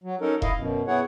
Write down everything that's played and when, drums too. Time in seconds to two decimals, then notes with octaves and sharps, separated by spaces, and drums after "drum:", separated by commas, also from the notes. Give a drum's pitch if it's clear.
0.04 F#3
0.21 C#4 D#4 A4 A#4
0.42 E4 D#5 F5, drum: kick E1
0.57 F#2 B2
0.87 B3 E4 G#4 C#5 F#5